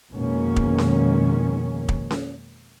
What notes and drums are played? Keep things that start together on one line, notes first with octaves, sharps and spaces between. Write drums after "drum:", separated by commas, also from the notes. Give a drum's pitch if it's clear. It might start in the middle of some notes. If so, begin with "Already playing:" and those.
F2 B2 D#3 G#3 A#3 C#4
drum: kick
drum: snare C#4
drum: kick
drum: snare C#4